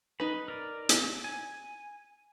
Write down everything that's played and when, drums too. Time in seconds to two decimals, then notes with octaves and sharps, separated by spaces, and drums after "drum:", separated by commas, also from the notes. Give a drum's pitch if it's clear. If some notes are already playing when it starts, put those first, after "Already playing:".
0.20 D#4 B4 B5
0.48 A#4 D5
0.89 drum: hi-hat
1.24 G#5